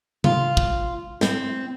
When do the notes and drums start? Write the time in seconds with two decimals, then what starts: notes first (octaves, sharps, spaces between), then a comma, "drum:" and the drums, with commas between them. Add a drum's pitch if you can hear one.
0.24 F4, drum: tom C3
0.57 drum: kick
1.21 C4, drum: snare